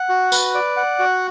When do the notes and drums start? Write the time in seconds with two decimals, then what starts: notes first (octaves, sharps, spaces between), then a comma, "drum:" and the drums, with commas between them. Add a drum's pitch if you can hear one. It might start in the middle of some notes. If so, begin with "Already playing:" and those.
Already playing: F#5
0.09 F#4
0.32 B4, drum: tambourine
0.54 D5
0.77 F#5
0.99 F#4